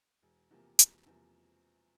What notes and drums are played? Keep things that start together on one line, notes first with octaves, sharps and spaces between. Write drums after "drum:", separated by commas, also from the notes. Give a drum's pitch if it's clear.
E1
E2 C3 F3 A#3
E1, drum: hi-hat
E2 C3 F3 A#3